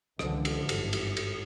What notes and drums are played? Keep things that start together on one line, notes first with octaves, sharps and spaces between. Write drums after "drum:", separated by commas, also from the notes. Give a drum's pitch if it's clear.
C#2 D3 E3 F3, drum: rim click
drum: cymbal
G#1 G2, drum: cymbal
drum: cymbal
drum: cymbal